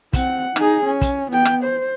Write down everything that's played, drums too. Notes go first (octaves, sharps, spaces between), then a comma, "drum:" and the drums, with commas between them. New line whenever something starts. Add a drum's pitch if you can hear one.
C4 F#5, drum: kick, hi-hat
D#4 G#4, drum: rim click
C#4
drum: kick, hi-hat
B3 G5
drum: rim click
C5